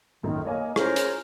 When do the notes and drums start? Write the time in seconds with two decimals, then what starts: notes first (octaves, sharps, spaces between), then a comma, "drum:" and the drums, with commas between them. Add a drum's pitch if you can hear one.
0.23 B1 F#2 A#2 D#3
0.45 A#3 C#5 D#5 G#5
0.76 C#4 E4 F4 G#4 A#4 C5 C#5, drum: rim click
0.96 drum: hi-hat